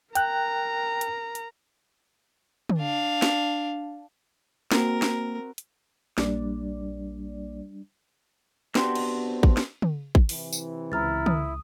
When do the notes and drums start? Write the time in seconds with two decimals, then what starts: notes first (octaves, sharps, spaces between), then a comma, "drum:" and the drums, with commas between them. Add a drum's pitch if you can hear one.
0.15 A#4 G5 A#5 F#6, drum: hi-hat
1.01 drum: hi-hat
1.35 drum: hi-hat
2.70 drum: tom
2.79 D4 F5
3.22 drum: snare
4.72 A#3 C4 F#4 A#4, drum: snare
5.02 drum: snare
5.58 drum: hi-hat
6.18 A#1 G3 A#3 D4 D5, drum: snare
8.75 B3 C4 D4 F#4 G4 C5, drum: snare
8.95 drum: cymbal
9.43 drum: kick
9.57 drum: snare
9.82 drum: tom
10.15 drum: kick
10.29 C3 E3, drum: open hi-hat
10.52 drum: tambourine
10.92 C#2 E4 A#5 F6 A6
11.26 D#6, drum: tom